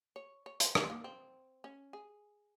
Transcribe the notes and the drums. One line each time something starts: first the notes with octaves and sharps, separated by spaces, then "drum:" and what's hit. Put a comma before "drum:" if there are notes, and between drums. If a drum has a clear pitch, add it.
C#5
C#5
C5, drum: hi-hat
G#4, drum: rim click
C4
A#3
C4
C#4
G#4